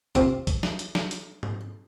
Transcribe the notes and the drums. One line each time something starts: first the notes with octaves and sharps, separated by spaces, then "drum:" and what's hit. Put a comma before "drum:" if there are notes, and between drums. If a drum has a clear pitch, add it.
C3 C4 F4, drum: kick, hi-hat
drum: kick, hi-hat
drum: snare
drum: hi-hat
drum: snare
drum: hi-hat
drum: tom G#2